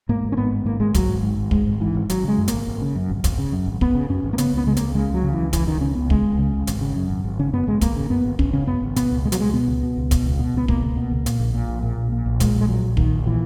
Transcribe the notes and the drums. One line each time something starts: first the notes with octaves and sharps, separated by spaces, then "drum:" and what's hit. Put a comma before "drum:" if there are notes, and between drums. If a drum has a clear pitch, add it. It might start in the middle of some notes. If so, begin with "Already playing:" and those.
G#2 A#3
G#1
C#4
G#2 B3
G#1
G#2 A#3
G#1 G#3
G#2 F#3, drum: kick, hi-hat
G#1
G#2
G#1
G#2 G#3, drum: kick
G#1
G#2 E3
G#1
G#1 F#3, drum: hi-hat
C#3 G#3
F#2
G#1 A#3, drum: hi-hat
G#1
C#3
F#2
G#1
G#1, drum: kick, hi-hat
C#3
F#2
G#1
G#1 B3, drum: kick
C#3
F#2 C#4
G#1
A#3
C#3 B3, drum: hi-hat
C#2 B3
C#3 G#3
C#2 A#3, drum: hi-hat
C#3 G#3
C#2 F#3
C#3
C#2 E3
C#3 E3, drum: kick, hi-hat
C#2 D#3
C#3 C#4
C#2 B3
C#3 G#3, drum: kick
C#2
C#3
C#2
G#1, drum: hi-hat
C#3
F#2
G#1
G#1
C#3 C#4
F#2 B3
G#1 G#3
G#1 A#3, drum: kick, hi-hat
C#3
F#2 B3
G#1
G#1 C#4, drum: kick
C#3 C#4
F#2 B3
G#1
B2 B3, drum: hi-hat
C#2
B2 G#3
F#3, drum: hi-hat
C#2 G#3
B2 B3
C#2
B2
C#2
B2, drum: kick, hi-hat
C#2
B2
C#2 B3
B2 A#3, drum: kick
C#2
B2
C#2
A#2, drum: hi-hat
A#1
A#2
A#1
A#2
A#1
A#2
A#1
A#2 G#3, drum: kick, hi-hat
A#1
G#3
A#2 F#3
A#1
A#2 D#3, drum: kick
A#1
A#2 E3